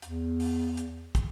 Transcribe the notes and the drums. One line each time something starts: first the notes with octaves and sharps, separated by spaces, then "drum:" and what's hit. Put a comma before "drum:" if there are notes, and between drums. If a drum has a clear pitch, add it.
E2, drum: hi-hat
drum: open hi-hat
drum: hi-hat
drum: kick, hi-hat